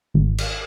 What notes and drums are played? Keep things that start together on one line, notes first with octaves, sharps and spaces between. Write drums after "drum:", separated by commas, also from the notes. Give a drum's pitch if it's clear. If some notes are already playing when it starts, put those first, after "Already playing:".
G#1
drum: cymbal